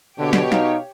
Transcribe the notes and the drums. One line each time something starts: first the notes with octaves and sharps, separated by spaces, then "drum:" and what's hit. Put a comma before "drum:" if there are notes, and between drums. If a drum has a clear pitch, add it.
B2 D3 D4 G4 C#5
drum: snare
D#4 F5, drum: snare